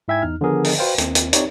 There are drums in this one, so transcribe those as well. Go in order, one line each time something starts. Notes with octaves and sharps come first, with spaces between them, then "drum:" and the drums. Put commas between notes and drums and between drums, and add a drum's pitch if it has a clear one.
G#2 E4 E5 G5 G#5 G#6
E2 D#4 F6
D3 D#3 F3 B3 G#4 A#4
drum: open hi-hat
F#4 B4 C5 F5 G5
D#2 C4, drum: hi-hat
drum: hi-hat
C4 D#4 G4 C#5 D5, drum: hi-hat